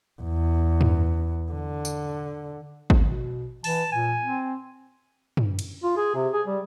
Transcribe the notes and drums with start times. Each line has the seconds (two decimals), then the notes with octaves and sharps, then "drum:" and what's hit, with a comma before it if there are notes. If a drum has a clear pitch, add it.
0.22 E2
0.81 drum: tom
1.52 D3
1.85 drum: tambourine
2.90 drum: kick G#1
3.02 B2
3.64 E3 A5, drum: open hi-hat
3.92 A#2 G#5
4.22 C4
5.37 drum: tom
5.59 drum: cymbal
5.83 F4
5.97 G#4
6.15 C3
6.33 G#4
6.47 G3